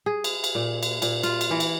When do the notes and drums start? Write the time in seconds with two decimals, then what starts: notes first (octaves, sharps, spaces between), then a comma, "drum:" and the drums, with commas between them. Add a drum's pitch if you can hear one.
0.06 G#4
0.24 drum: cymbal
0.44 drum: cymbal
0.55 A#2
0.83 drum: cymbal
1.02 A#2, drum: cymbal
1.23 F4, drum: cymbal
1.41 drum: cymbal
1.51 E3
1.60 drum: cymbal